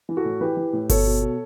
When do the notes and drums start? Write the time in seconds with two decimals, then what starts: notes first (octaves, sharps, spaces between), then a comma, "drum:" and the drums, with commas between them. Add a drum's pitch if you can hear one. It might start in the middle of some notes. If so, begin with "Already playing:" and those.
0.09 E3
0.17 F#4 A4
0.25 A2
0.41 E3 G4 B4
0.57 E3
0.73 A2
0.89 B2 A4 C#5, drum: kick G1, open hi-hat
1.06 B2
1.22 B2